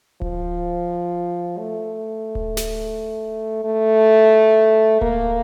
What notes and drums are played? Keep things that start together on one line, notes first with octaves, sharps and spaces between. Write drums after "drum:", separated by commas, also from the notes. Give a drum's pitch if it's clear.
F3, drum: kick D1
A3
drum: kick D1
drum: snare
A3
A#3, drum: kick D1